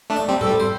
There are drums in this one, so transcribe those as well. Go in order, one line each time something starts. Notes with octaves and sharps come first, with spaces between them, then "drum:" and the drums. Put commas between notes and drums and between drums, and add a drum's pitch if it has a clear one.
A3 D4
D5
G3 C4
A4, drum: tom G#2
G3
C5